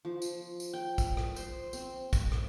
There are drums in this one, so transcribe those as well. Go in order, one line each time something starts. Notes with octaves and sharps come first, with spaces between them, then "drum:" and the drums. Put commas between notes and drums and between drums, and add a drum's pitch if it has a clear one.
F3
drum: tambourine
drum: tambourine
G5
drum: kick, tambourine
drum: rim click
C5, drum: tambourine
C4, drum: tambourine
drum: kick, tambourine
drum: rim click